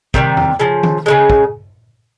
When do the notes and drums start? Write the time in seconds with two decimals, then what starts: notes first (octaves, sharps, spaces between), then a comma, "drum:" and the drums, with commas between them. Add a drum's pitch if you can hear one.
0.14 C3 D#3 G3, drum: kick
0.37 drum: tom E2
0.60 C#3 F3
0.83 drum: tom D#3
1.06 C#3 F3 G#3
1.30 drum: kick